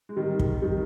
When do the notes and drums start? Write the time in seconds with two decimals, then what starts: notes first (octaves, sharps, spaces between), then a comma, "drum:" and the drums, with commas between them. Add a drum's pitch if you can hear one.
0.09 G#3
0.16 D#3 G3
0.39 drum: kick
0.62 D#3 G3